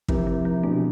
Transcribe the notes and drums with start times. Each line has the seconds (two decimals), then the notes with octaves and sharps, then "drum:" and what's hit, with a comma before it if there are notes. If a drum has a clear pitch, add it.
0.08 C3 E3 F3, drum: kick
0.27 F3
0.45 F3
0.63 B2 D3 A3